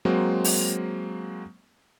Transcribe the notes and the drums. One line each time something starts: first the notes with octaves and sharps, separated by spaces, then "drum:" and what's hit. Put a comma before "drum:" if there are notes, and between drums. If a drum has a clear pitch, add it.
F#3 G#3 A#3 C4
drum: open hi-hat